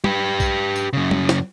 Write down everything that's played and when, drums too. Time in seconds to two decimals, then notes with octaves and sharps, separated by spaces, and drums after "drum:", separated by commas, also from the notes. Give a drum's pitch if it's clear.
0.04 G4 B4, drum: tom
0.40 drum: kick A#1, tambourine
0.76 drum: tambourine
0.93 F#2 C#3
1.11 drum: tom
1.29 drum: snare